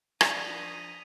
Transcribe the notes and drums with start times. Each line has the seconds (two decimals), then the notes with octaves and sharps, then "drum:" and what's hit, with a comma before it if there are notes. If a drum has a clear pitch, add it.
0.21 F3 D4 D#6 A#6 B6 D#7 F7, drum: rim click